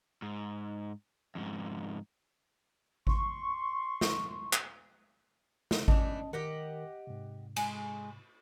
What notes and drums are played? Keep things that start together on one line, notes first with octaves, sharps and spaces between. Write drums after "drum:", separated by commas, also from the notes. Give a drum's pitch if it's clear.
G#2
F2 G#2
C6 C#6, drum: kick G#1
drum: snare
drum: clap
drum: snare
E3 A3 C#4 D4 D#5 A5, drum: kick G#1
D#3 G4 A#4 D#5 F#5
G#2 C3
G#3, drum: cymbal